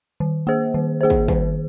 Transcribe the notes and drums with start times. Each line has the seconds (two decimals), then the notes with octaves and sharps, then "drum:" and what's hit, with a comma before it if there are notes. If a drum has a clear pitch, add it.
0.20 D#3
0.47 A#3 G#4 C5
0.74 D#3
1.01 A#3 G#4 C5
1.10 drum: kick
1.28 D#3, drum: kick